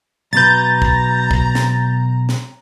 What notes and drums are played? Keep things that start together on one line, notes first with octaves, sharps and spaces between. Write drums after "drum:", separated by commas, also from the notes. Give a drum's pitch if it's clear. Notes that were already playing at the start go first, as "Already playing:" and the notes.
B1 B2 B4 A#5 G6 A6
drum: kick
drum: kick
drum: snare
drum: snare